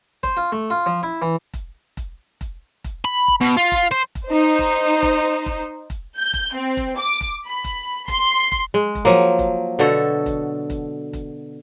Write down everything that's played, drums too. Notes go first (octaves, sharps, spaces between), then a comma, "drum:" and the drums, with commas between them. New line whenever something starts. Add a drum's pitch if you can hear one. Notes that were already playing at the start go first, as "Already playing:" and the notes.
C5, drum: kick F1, hi-hat
F4
A3
F4
F3
E4
E3
drum: kick F1, hi-hat
drum: kick F1, hi-hat
drum: kick F1, hi-hat
drum: kick F1, hi-hat
B5
drum: kick F1
B2
F4
drum: kick F1, hi-hat
C5
drum: kick F1, hi-hat
D#4 C5
drum: kick F1, hi-hat
drum: kick F1, hi-hat
drum: kick F1, hi-hat
drum: kick F1, hi-hat
G6
drum: kick F1, hi-hat
C4
drum: kick F1, hi-hat
D6
drum: kick F1, hi-hat
B5
drum: kick F1, hi-hat
C6, drum: kick F1, hi-hat
drum: kick F1, hi-hat
G#3
drum: kick F1, hi-hat
F3 F#3 A#3
drum: kick F1, hi-hat
B2 D3 F#4 A4
drum: kick F1, hi-hat
drum: kick F1, hi-hat
drum: kick F1, hi-hat